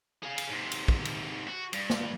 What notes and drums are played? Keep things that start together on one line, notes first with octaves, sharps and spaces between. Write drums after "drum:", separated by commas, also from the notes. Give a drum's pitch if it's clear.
G#4 F5
drum: cymbal
G#2 C3
drum: cymbal
drum: kick
drum: cymbal
F#4
G2, drum: cymbal
drum: snare